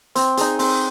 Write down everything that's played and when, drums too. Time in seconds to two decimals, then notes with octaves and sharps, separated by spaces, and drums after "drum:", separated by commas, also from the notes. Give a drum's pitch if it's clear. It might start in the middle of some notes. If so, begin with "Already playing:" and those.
0.15 C4, drum: hi-hat
0.37 D#4 G#4, drum: hi-hat
0.59 C4, drum: open hi-hat